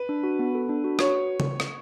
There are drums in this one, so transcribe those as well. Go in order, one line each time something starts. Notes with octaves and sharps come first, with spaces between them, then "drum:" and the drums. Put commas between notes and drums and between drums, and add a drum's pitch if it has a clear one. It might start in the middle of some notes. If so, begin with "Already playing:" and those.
Already playing: B4
D4
F#4
B3
A4
D4
F#4
F#4 C#5, drum: rim click
drum: tom C#3
drum: rim click